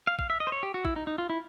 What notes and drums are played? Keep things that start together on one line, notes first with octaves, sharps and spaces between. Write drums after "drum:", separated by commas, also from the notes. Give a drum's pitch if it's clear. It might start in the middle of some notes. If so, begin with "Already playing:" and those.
F5
F5, drum: kick A#1
E5
D#5
C5
C#5
G4
F#4
E4, drum: kick A#1
D#4
D#4
F4
E4